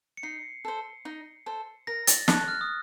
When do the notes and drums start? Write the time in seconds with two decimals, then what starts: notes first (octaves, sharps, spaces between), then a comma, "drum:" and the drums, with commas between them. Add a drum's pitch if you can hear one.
0.17 C#7
0.23 D#4 C7
0.65 A4 C5
1.05 D#4
1.46 A4 C5
1.87 A#4 A#6
2.07 A6, drum: hi-hat
2.28 C#5 A5 F#6, drum: snare
2.48 F6
2.61 D#6